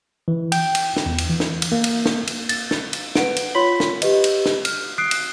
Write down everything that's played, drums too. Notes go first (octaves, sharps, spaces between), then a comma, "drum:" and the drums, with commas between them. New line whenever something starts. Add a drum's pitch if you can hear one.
E3
G5, drum: cymbal
drum: cymbal
drum: snare
E2
drum: cymbal
E3
drum: snare
drum: cymbal
A#3
drum: cymbal
drum: snare
drum: cymbal
A6, drum: cymbal
drum: snare
drum: cymbal
B4 F#5 D7, drum: snare
drum: cymbal
F4 C#5 B5 C6 B6 F#7
drum: snare
G4 B4 D#5, drum: cymbal
drum: cymbal
drum: snare
F6, drum: cymbal
D#6 F#6 C7 D7
drum: cymbal